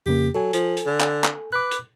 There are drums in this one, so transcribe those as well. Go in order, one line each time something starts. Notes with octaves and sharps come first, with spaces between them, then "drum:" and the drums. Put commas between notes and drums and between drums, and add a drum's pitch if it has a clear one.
F2 C#3 A#3 G4
F#3 A4 G#5
F3, drum: hi-hat
drum: hi-hat
D3
drum: clap
drum: clap
B4 D6 F#6
drum: hi-hat